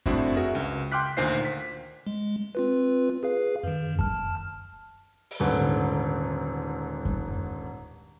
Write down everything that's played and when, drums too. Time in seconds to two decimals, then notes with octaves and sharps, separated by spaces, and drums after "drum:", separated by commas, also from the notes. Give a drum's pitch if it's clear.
0.06 A2 C4 D4 E4 F#4, drum: kick F#2
0.36 F#4 G#4 A#4 E5
0.55 C#2
0.92 G5 C6 D6 F6 F#6 B6
1.17 D2 A#2 D#3 C5 F5 C7
1.45 B6
2.07 G#3
2.55 C4 F4 B4
3.23 G#4 B4 F5
3.63 F#2 D#3
3.99 A5 F6, drum: kick F#2
5.31 drum: open hi-hat
5.40 D#1 G#2 D3 B4
7.05 drum: kick F#2